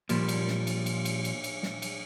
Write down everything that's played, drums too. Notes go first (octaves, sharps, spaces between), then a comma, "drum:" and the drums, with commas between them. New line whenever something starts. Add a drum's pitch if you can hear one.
A#2 F3 G3 A#3, drum: cymbal
drum: cymbal
drum: snare
drum: cymbal
drum: cymbal
drum: cymbal
drum: cymbal
drum: cymbal
drum: snare
drum: cymbal